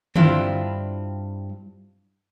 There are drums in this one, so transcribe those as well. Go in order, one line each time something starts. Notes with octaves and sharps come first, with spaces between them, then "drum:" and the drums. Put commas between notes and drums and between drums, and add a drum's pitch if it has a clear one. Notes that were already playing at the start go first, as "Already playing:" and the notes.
G2 C4 D4 E4 F4, drum: tom D3